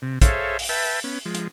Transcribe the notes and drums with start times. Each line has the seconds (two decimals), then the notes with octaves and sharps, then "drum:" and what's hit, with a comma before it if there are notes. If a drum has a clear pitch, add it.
0.02 C3
0.22 G#4 A4 C5 C#5 E5 F5, drum: kick, hi-hat
0.59 drum: open hi-hat
0.69 B4 E5 G5 A5
1.04 B3 C#4
1.25 F3 G#3
1.35 drum: hi-hat